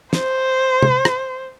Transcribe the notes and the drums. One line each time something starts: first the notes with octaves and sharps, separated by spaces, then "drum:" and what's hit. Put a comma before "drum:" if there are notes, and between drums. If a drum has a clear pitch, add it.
C5, drum: snare
drum: tom
drum: rim click